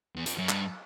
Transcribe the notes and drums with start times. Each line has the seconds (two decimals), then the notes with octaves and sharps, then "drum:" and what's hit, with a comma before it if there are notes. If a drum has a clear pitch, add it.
0.16 E2
0.26 F2, drum: hi-hat
0.38 F#2
0.49 G2, drum: clap